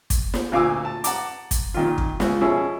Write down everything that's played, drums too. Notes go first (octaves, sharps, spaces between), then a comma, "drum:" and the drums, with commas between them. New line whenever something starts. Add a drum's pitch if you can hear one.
drum: kick, hi-hat
drum: snare
D2 A#2 F5 G#5 D6 E6
A5
F#5 A5 A#5 D6, drum: hi-hat
drum: kick, hi-hat
A#2 D#3 F4
drum: kick
C#2, drum: snare
B2 F3 C#4 E4 G#4